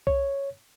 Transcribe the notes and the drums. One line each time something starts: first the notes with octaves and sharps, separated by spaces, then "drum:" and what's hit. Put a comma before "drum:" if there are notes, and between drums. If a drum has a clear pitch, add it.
C#5, drum: kick C2